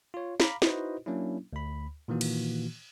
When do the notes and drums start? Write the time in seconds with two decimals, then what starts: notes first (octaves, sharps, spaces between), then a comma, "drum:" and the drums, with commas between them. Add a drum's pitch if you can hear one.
0.14 F4 C#5
0.40 F5 A#5 B5 D6, drum: snare
0.62 D#4 E4 F#4 B4 C5 D#5, drum: snare
1.06 F#3 A#3 C#4 D4 E4
1.53 D2 B5
2.08 A#2 D#3 E3 A#3 F#4
2.21 drum: cymbal